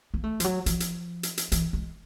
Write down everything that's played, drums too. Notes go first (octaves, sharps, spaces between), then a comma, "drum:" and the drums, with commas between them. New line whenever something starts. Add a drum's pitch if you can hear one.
A#3
A3
F3, drum: hi-hat
F#3
F3, drum: hi-hat
drum: hi-hat
drum: hi-hat
drum: hi-hat
E3, drum: hi-hat
G#3